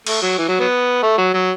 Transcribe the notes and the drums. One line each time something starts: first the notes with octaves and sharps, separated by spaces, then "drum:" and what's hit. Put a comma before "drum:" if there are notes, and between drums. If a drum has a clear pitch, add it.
A3, drum: cymbal
F#3
E3
F#3
F#3 B3
A3
F#3
F#3